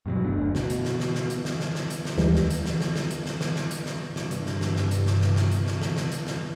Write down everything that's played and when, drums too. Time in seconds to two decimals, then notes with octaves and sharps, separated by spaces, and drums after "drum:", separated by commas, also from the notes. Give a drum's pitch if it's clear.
0.06 G2 B2 F3 F#3
0.24 F#1 D2 D3
0.55 B2, drum: snare
0.70 drum: hi-hat
0.85 drum: snare
1.00 drum: snare
1.15 drum: snare
1.30 drum: hi-hat
1.45 drum: snare
1.60 drum: snare
1.75 drum: snare
1.90 drum: hi-hat
2.05 drum: snare
2.18 D#2 E3 G3 G#3, drum: snare
2.35 drum: snare
2.50 drum: hi-hat
2.66 drum: snare
2.81 drum: snare
2.96 drum: snare
3.11 drum: hi-hat
3.26 drum: snare
3.41 drum: snare
3.56 drum: snare
3.71 drum: hi-hat
3.86 drum: snare
4.06 G2 C3
4.16 drum: snare
4.31 drum: hi-hat
4.46 drum: snare
4.61 drum: snare
4.76 drum: snare
4.91 drum: hi-hat
5.06 drum: snare
5.21 drum: snare
5.36 drum: snare
5.51 drum: hi-hat
5.66 drum: snare
5.82 drum: snare
5.97 drum: snare
6.12 drum: hi-hat
6.27 drum: snare